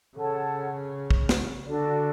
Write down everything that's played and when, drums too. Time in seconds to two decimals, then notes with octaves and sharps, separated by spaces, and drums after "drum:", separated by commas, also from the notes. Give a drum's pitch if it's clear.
0.17 C#3 A4 C#5 F#5 A5
1.11 drum: kick
1.29 drum: snare
1.66 D3 D4 F#4 A4 D5